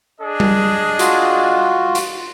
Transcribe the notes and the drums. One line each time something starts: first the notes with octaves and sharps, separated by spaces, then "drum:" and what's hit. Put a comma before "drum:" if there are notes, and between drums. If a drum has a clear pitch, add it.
D4 G#4 D#5
drum: tom G3
F4 F#4, drum: hi-hat
drum: hi-hat